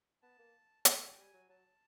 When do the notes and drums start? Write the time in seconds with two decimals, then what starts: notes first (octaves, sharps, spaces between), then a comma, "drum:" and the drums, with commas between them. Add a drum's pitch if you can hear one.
0.22 B3 A5
0.38 A#3
0.85 G#3 A5, drum: hi-hat
0.97 F#3 G#5
1.09 G5
1.18 G3 G#5
1.33 F#3
1.49 F#3 A5